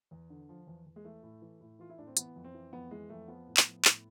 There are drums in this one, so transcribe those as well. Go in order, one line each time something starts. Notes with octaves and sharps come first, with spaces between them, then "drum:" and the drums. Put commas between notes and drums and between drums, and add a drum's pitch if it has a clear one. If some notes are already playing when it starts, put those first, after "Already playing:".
E2
D3
F3
E2
E2
G#3
E3 A3
A2
E3
A2
E3 F4
E4
A2 D4
C4
E3 B3, drum: hi-hat
F2
C4
E3
F2 B3
E3 G#3
F2 A3
F3 B3
A2
drum: clap
F3
A2, drum: clap